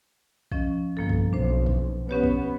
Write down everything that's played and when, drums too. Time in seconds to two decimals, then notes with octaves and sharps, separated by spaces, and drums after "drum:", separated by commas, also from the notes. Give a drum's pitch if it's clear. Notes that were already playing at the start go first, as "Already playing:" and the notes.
0.52 F3 C#4 D#5, drum: kick
0.97 G1 F3 A#3 A4
1.09 drum: kick
1.33 B1 D4 C5
1.66 drum: kick
2.09 B3 C#4 G4 C#5
2.24 drum: kick